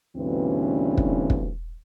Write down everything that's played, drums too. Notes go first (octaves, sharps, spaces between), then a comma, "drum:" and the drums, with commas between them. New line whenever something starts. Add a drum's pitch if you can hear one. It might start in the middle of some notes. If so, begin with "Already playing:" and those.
D2 G2 B2 E3 C4 C#4
drum: kick
drum: kick